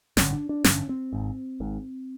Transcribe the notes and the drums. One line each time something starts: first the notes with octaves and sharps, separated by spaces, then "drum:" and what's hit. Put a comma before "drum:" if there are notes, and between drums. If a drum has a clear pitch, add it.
A1 G2 D3 C#4, drum: snare
D4
D4
A1 G2 D3 C#4, drum: snare
C4
G#1 G#2
G#1 G#2